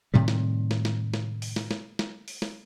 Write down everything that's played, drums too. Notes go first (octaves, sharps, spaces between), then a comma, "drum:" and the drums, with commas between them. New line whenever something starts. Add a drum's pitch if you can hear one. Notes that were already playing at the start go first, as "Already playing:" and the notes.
A2 C3 D#3 G3
drum: snare
drum: snare
drum: snare
drum: snare
drum: open hi-hat
drum: snare
drum: snare
drum: snare
drum: open hi-hat
drum: snare